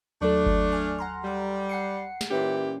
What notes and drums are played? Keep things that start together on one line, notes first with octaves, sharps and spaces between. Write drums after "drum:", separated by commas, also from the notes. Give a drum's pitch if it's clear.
D#2 F#3 A3 D4 A4
drum: kick G1
G#5 F6
F#5 A#5 C6
G3
F#5 C7 C#7
drum: snare
A#2 E3 C#4 G4